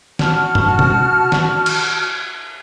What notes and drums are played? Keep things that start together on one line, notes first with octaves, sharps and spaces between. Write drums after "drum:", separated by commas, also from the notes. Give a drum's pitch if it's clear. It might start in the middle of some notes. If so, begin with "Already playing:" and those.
F#4 A5 F6, drum: snare
drum: tom
drum: tom B2
drum: snare
drum: cymbal